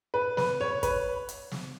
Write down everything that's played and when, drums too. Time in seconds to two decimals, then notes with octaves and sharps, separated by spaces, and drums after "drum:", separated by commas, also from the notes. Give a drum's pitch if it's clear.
0.14 B4
0.37 B4, drum: snare
0.61 C#5
0.83 B4, drum: kick, hi-hat
1.29 drum: hi-hat
1.51 drum: snare